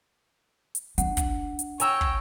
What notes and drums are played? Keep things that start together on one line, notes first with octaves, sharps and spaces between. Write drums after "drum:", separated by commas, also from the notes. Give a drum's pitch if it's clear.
drum: hi-hat
D4 F#5, drum: hi-hat
drum: kick, hi-hat
drum: hi-hat
C#5 G5 G#5 A#5 E6, drum: hi-hat
drum: kick